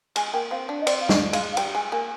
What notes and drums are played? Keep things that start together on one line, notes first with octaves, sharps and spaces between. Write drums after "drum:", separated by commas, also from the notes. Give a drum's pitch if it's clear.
G#3 G#5, drum: cymbal
A#3 G5
C4 F5
D4
D#5
C4 D5, drum: cymbal
F5
G#3 D#5, drum: snare
G#3 F5, drum: cymbal
F5
G3 G5, drum: cymbal
G#3 G#5
A#3 G#5